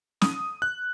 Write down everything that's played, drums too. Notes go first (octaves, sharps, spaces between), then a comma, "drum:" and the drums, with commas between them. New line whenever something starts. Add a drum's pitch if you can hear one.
D#6, drum: snare
F#6